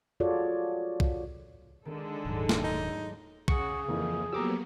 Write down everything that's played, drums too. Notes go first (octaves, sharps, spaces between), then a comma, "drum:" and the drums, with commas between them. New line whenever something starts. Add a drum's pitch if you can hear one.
F4 F#4 G#4 A4 C#5 D5
drum: kick
D3 D#3 G#3 A4
D#1 D#2 G#2 F#3
drum: snare
D#4
C#3 G#4 F#5 C#6 C#7, drum: kick
F2 E3 F3 A#3
F#3 A#3 B3 G4 A4 A#5 D6 E6